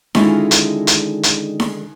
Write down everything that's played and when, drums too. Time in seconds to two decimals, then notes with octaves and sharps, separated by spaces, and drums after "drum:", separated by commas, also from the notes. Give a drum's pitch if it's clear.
0.15 D3 D#3 G#3 C#4 E4 F4, drum: snare D#4
0.51 drum: hi-hat
0.87 drum: hi-hat
1.23 drum: hi-hat
1.60 drum: snare D#4